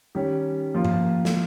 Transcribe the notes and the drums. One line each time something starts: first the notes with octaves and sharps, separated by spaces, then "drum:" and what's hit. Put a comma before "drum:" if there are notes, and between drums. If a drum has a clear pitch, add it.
D#3 G3 C#4
F3 A#3 F4
drum: tom G2
drum: snare